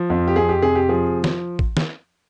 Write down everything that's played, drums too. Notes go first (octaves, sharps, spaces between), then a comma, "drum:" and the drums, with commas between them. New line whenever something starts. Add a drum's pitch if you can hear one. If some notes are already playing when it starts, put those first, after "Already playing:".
Already playing: F3
F2
G4
F2 G#4
G4
C3 G#4
G4
F3 G#4
drum: snare
drum: kick
drum: snare